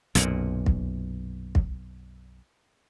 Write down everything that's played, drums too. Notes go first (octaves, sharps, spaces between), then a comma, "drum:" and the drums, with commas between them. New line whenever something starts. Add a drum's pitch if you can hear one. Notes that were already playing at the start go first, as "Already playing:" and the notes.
B1 F#2 A#2, drum: hi-hat
drum: kick
drum: kick